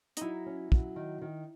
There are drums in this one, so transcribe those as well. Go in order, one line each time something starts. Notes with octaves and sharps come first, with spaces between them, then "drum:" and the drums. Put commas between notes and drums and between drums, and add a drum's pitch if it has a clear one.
F#3 D#4 E4, drum: hi-hat
C#4
F#3, drum: kick
D#3
D#3